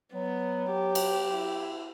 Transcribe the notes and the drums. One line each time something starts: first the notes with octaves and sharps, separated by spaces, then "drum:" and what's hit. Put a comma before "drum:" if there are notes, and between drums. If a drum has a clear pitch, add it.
F#3 B3
G4
drum: cymbal
E4